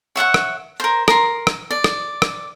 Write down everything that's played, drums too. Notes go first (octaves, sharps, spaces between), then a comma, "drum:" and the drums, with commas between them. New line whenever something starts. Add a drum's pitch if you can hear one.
C#5 E5 F#5 C#6
drum: rim click
A#4 C5
A#4 C6, drum: rim click
drum: rim click
D5
drum: rim click
drum: rim click